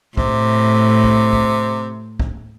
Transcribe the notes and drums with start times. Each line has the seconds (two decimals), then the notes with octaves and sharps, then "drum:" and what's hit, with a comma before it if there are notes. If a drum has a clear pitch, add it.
0.17 A2 C3, drum: kick
1.04 drum: kick
1.33 drum: kick
2.19 drum: kick